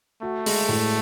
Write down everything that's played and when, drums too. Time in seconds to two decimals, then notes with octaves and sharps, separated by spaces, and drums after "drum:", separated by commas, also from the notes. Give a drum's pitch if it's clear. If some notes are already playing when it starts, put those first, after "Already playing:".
0.23 A3 F#4
0.46 G#3, drum: open hi-hat
0.69 A2